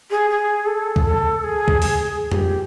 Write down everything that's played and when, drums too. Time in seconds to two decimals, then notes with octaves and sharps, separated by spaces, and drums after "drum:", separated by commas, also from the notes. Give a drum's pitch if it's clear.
0.11 G#4
0.30 G#4
0.67 A4
0.96 drum: kick
1.05 A4
1.44 G#4
1.68 drum: kick
1.82 G#4, drum: open hi-hat
2.06 G#4
2.32 G4, drum: tom F2